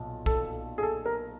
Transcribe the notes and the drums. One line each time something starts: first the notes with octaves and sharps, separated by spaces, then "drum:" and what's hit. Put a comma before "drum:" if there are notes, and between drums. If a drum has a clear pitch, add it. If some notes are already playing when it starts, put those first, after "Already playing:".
Already playing: B1 A#2
A4, drum: kick
G#4
A4
A#4